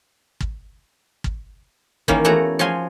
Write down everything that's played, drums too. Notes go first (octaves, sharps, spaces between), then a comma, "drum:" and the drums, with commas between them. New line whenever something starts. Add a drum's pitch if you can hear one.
drum: kick
drum: kick
D#3 E3 A#3 C#4, drum: kick
E2 A3 F#4 C#5 F#5 A#5
F3 F#4 C#5 F5 G#5 C6